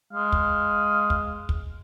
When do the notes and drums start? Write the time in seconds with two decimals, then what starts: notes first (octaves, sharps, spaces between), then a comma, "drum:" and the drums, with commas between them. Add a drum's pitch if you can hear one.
0.13 G#3 F5
0.32 drum: kick
1.10 drum: kick
1.49 drum: kick